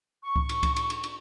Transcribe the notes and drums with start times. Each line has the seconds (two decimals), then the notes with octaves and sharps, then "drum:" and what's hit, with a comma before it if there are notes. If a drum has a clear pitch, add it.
0.22 C#6
0.36 drum: kick C#2
0.49 drum: cymbal
0.63 drum: kick C#2, cymbal
0.76 drum: cymbal
0.90 drum: cymbal
1.03 drum: cymbal